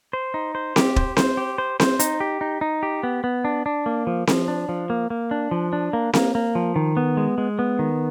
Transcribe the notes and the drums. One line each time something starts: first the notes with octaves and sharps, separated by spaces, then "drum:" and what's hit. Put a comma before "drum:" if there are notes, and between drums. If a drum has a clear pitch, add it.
C5
D#4
C5
G4, drum: snare C4
C5, drum: kick
C5, drum: snare C4
G4
C5
C5, drum: snare C4
D#4, drum: hi-hat
G4
D#4
D#4
G4
B3
B3
D4
D4
A#3
F3
F3, drum: snare C4
D4
F3
A#3
A#3
D4
F3
D4
A#3
A#3, drum: snare C4
A#3
F3
D#3
B3
G#3
G#3
B3
D#3